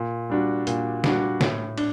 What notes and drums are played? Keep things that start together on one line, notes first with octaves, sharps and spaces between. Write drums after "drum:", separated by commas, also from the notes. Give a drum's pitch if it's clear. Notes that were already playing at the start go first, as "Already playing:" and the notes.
Already playing: A#2
G3 D4 F#4
A#2, drum: hi-hat
G3 D4 F#4, drum: snare
A2, drum: snare
D4, drum: cymbal